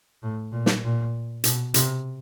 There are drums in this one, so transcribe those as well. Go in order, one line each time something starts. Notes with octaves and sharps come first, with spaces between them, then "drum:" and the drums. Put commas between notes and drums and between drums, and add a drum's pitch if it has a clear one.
A2
A#2
drum: snare
A#2
B2, drum: hi-hat
C3, drum: hi-hat